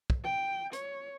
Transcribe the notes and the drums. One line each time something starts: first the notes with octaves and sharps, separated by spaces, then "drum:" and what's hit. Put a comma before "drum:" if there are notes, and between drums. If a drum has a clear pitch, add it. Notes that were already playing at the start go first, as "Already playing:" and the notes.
drum: kick
G5
C#5, drum: hi-hat